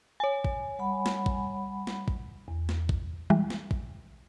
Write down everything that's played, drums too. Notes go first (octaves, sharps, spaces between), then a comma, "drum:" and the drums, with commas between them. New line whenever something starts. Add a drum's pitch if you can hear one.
C#5 G#5
drum: kick
G3 F#5 B5
drum: snare
drum: kick
drum: snare
drum: kick
E2
drum: snare
drum: kick
E3 G3 G#3
drum: snare
drum: kick